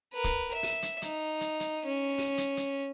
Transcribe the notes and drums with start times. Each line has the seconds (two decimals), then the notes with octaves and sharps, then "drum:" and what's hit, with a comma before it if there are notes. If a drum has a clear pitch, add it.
0.13 A#4 B4
0.24 drum: kick, hi-hat
0.54 E5
0.63 drum: open hi-hat
0.82 drum: hi-hat
1.02 D#4, drum: hi-hat
1.41 drum: hi-hat
1.60 drum: hi-hat
1.85 C#4
2.18 drum: open hi-hat
2.38 drum: hi-hat
2.57 drum: hi-hat